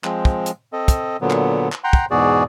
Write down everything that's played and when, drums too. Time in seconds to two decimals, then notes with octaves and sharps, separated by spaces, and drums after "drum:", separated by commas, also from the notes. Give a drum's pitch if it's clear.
0.04 F3 G#3 C4, drum: clap
0.25 drum: kick
0.46 drum: hi-hat
0.73 C4 A4 D#5
0.88 drum: kick, hi-hat
1.21 A#2 D3 F#3 B3
1.30 drum: clap
1.72 drum: clap
1.84 F#5 G5 A#5 C6
1.93 drum: kick
2.11 E2 G#2 B2 F#4 G#4 D5